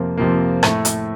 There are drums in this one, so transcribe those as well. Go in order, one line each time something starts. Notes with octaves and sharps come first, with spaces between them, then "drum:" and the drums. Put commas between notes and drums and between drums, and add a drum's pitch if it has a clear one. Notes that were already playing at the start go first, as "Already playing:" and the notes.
Already playing: F2 C3 F3 A#3
F2 C3 F3 A#3
A2 A3, drum: rim click
drum: hi-hat